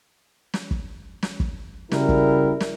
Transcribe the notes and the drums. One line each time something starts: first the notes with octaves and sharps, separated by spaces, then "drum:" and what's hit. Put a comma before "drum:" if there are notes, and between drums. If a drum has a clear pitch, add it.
drum: snare
drum: kick
drum: snare
drum: kick
C#3 G3 E4 F#4 A#4, drum: snare
drum: kick
drum: snare